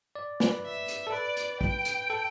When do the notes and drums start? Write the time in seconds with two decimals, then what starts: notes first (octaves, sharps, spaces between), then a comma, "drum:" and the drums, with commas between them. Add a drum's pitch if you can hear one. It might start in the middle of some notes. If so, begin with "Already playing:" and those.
0.15 D5
0.40 B4, drum: snare
0.65 E5
0.88 drum: hi-hat
1.07 A4
1.12 B4 D5
1.37 drum: hi-hat
1.61 G5, drum: kick
1.85 drum: hi-hat
2.10 A4